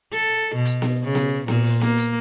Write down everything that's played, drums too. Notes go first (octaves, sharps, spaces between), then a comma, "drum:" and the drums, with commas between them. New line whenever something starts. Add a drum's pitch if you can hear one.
A4
B2
drum: hi-hat
drum: snare B3
C#3
drum: snare B3
A#2, drum: snare B3
drum: open hi-hat
A#3, drum: snare B3
drum: hi-hat